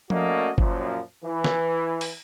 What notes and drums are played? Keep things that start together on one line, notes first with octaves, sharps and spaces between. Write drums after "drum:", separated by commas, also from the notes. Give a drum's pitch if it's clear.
A3 A#3 C#4 F#4 D5 D#5, drum: tom F3
F#2 A#2 F3, drum: kick G1
E3
drum: snare
drum: open hi-hat